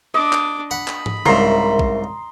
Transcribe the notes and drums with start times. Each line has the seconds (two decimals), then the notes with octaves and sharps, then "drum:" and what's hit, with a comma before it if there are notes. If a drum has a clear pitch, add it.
0.14 D4 D#5 D6
0.33 drum: clap
0.71 F#5 B5
0.88 drum: clap
1.06 drum: tom
1.26 C2 G#2 C#3 A#4 E5 A#5 C6, drum: tom C#3
1.79 drum: kick